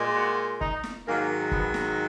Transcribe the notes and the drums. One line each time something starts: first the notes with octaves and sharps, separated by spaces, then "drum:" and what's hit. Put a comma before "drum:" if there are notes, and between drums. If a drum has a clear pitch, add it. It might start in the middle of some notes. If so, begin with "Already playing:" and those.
Already playing: A#2 G#3
F#4
D#4, drum: kick
drum: snare
G#2 D#3 F#3 A#3
B3, drum: kick
drum: snare